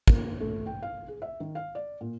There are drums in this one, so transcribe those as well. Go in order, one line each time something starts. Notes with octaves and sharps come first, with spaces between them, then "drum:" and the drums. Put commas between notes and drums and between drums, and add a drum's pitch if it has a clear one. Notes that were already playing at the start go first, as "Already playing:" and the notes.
A#3, drum: kick
A3
G5
F5
G#4
E5
D#3
F5
D5
A#2